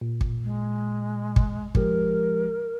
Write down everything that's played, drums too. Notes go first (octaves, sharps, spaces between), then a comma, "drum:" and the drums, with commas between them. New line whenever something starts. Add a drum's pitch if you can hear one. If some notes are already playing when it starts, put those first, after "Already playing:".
A#2
drum: kick
G#3
drum: kick
F3 G#3 G4 A#4, drum: kick